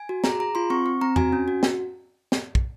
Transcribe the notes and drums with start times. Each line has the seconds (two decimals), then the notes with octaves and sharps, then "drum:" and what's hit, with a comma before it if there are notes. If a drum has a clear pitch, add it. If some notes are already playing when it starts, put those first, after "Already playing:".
Already playing: G#5
0.09 F#4
0.24 G#4 A#5, drum: snare
0.40 G#4 A#5
0.55 F4 C6
0.70 C4 C#6
0.86 C4
1.01 C4 A#5
1.16 F#4 G#5, drum: tom E2
1.33 C#4
1.48 F#4
1.63 drum: snare
2.32 drum: snare
2.55 drum: kick